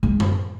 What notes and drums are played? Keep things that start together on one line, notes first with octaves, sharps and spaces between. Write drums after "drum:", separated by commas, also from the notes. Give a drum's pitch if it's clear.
G#3
drum: tom F#2